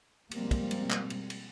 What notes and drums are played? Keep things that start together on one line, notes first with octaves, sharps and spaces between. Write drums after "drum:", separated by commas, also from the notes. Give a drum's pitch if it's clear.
B2 F3 G3 G#3 A#3 C4, drum: cymbal
drum: kick, cymbal
drum: cymbal
drum: clap
drum: cymbal
drum: cymbal